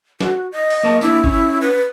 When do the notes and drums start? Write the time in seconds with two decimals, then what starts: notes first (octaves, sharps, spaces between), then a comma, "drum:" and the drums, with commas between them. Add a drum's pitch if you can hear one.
0.21 F#4, drum: snare
0.52 D#5
0.70 drum: open hi-hat
0.83 A#3 A#4 A5
1.01 A#3 D4 E4, drum: tambourine
1.24 C#4, drum: kick
1.61 B4